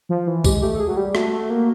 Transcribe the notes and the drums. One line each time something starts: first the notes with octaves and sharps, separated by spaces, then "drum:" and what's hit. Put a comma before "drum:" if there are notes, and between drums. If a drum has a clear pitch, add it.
F3
E3
G#3 G4, drum: kick B1, tambourine
A3 G4
A4
G#4
F#3
G3 G4
A3 F#4, drum: rim click
A3
A#3